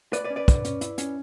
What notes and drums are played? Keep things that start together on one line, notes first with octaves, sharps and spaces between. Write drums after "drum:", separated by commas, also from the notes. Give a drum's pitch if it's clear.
A2 B4 D5, drum: hi-hat
B4 D5
C#4
B4 D5
D3, drum: kick, hi-hat
C#4, drum: hi-hat
E4, drum: hi-hat
C#4, drum: hi-hat